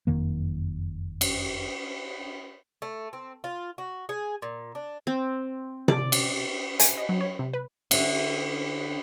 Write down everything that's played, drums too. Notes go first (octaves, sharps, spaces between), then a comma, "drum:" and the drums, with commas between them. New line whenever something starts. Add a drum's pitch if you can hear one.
F#1 F2 D#3 A#3
drum: cymbal
A3
C4
F4
F#4
G#4
A#2
D4
C4
D5, drum: tom C3
drum: cymbal
G#5, drum: hi-hat
D#5
F#3
C#5
C3
B4
D3 E4, drum: cymbal